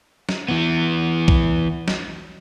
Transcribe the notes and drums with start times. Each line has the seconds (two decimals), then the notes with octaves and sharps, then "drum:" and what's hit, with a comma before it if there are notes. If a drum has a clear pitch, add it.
0.29 drum: snare
0.48 E3 B3
1.28 drum: kick B1
1.88 drum: snare